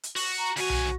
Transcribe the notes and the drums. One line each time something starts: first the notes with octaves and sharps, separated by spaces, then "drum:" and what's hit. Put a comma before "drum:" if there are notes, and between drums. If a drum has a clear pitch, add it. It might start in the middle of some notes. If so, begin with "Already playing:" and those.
drum: hi-hat
F#4, drum: open hi-hat
A#5
D2 F#4 G#5, drum: open hi-hat
drum: tom B1